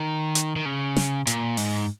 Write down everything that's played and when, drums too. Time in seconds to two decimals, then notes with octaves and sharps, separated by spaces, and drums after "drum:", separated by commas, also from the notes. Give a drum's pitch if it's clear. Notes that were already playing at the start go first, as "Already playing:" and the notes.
Already playing: D#3
0.35 drum: hi-hat
0.56 D#3
0.65 C#3
0.96 drum: snare
1.27 A#2, drum: hi-hat
1.57 G#2, drum: open hi-hat